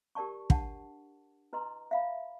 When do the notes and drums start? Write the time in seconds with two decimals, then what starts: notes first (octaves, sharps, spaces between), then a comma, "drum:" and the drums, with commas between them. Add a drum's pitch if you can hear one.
0.15 G4 A#4 D5 A5 C#6
0.50 D4 F#5 A5, drum: kick
1.53 E4 B4 D#5 A#5 C6
1.91 E5 F5 B5